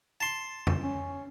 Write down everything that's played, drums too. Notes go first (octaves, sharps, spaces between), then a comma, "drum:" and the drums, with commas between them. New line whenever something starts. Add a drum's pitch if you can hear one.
A5 C6
drum: tom F2
C#4